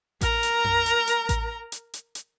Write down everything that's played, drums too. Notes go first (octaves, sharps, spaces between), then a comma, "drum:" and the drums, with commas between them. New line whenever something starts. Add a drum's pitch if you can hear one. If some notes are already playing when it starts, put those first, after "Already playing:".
A#4 A#5, drum: kick A1, hi-hat
drum: hi-hat
drum: tom F2
drum: hi-hat
drum: hi-hat
drum: kick A1, hi-hat
drum: hi-hat
drum: hi-hat
drum: hi-hat